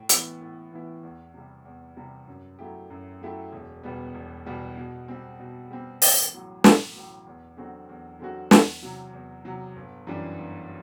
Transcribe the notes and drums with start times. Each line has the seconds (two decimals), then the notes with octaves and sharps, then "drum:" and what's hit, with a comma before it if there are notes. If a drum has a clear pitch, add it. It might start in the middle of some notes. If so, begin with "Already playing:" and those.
Already playing: A2
0.09 E3 B3 E4, drum: hi-hat
0.41 A2
0.72 E3 B3 E4
1.03 E2
1.34 C3 G3
1.65 E2
1.97 C3 G3
2.27 F#2
2.59 F#3 A3 E4 G4
2.90 F#2
3.21 F#3 A3 E4 G4
3.52 E1
3.83 E2 B2 G3 B3
4.14 E1
4.46 E2 B2 G3 B3
4.77 B2
5.08 G3 C4
5.40 B2
5.71 G3 C4
6.02 A1, drum: open hi-hat
6.33 A2 F#3
6.64 A1, drum: snare
6.95 A2 F#3
7.26 E2
7.57 D3 F#3 C4 F#4
7.89 E2
8.19 D3 F#3 C4 F#4
8.51 E2, drum: snare
8.82 C3 F#3
9.13 E2
9.45 C3 F#3
9.76 G1
10.07 F#2 E3 G3 D4
10.38 G1